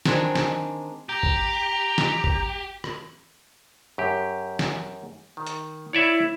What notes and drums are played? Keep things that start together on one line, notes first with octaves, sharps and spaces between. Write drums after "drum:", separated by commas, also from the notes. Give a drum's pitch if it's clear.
D#3 G#3 C4 D4 G#4, drum: snare
drum: snare
G4 A#5
drum: kick
drum: snare
drum: kick
drum: rim click
F#2 G4
drum: snare
D#3
drum: hi-hat
E4 C#5 D5 E5